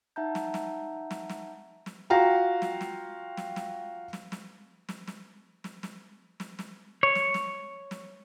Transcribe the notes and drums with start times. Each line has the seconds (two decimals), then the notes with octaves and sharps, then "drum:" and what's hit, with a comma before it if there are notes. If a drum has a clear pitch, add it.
0.16 D#4 E5 F#5 A5 A#5 G6
0.35 drum: snare
0.54 drum: snare
1.11 drum: snare
1.29 drum: snare
1.86 drum: snare
2.10 F4 F#4 F5 G5 A#5
2.62 drum: snare
2.81 drum: snare
3.37 drum: snare
3.56 drum: snare
4.13 drum: snare
4.32 drum: snare
4.89 drum: snare
5.07 drum: snare
5.64 drum: snare
5.83 drum: snare
6.40 drum: snare
6.59 drum: snare
7.03 C#5
7.15 drum: snare
7.34 drum: snare
7.91 drum: snare